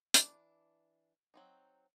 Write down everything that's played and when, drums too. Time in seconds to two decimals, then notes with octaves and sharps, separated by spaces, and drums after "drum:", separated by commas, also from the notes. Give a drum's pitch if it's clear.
0.14 E3 D4, drum: hi-hat
1.34 F#3 C4 D#4